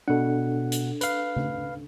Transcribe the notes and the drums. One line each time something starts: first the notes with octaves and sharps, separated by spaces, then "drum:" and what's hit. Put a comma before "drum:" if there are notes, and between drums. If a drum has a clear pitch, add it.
B2 D4 A4 F#5
drum: hi-hat
B4 F5, drum: hi-hat
drum: tom C#3